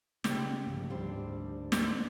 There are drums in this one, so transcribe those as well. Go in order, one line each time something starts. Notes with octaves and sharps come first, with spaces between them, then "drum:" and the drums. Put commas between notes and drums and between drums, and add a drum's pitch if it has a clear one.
C#3 C4 C#4 G4, drum: snare
G2 C#3 F3
D2 G#2 G3 C4 D4
drum: snare